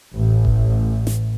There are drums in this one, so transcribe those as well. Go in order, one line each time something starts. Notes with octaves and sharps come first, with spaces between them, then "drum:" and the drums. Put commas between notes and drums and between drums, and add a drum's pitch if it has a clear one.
A1
drum: kick F#1
drum: snare